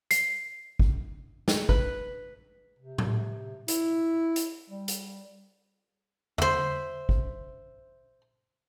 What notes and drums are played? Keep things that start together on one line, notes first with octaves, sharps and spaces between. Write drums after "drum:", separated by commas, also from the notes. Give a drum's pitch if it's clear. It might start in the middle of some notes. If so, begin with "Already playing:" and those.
C7, drum: hi-hat
drum: kick
drum: snare
B4, drum: kick
C3
drum: tom A2
E4, drum: hi-hat
drum: hi-hat
G3
drum: hi-hat
C5 E5, drum: tom E2
drum: kick